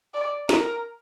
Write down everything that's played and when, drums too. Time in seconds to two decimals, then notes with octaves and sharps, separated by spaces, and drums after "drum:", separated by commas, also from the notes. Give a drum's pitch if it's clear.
0.14 D5
0.49 A#4, drum: snare